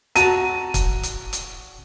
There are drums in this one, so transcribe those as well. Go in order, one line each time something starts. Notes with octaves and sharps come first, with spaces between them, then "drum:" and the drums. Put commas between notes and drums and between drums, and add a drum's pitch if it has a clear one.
F#4 A5 A#5 D#7, drum: hi-hat
drum: kick, hi-hat
drum: hi-hat
drum: hi-hat